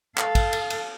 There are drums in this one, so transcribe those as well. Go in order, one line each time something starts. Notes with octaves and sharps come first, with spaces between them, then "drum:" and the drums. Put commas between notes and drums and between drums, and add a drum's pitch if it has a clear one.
A4 F5, drum: clap
drum: kick, cymbal
drum: cymbal
drum: cymbal